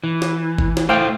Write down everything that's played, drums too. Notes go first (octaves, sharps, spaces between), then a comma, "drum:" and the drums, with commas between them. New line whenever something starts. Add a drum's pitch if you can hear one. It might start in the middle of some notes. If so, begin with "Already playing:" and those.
E3
drum: snare
drum: kick G1
drum: snare
A2 A3 C5 F5 G5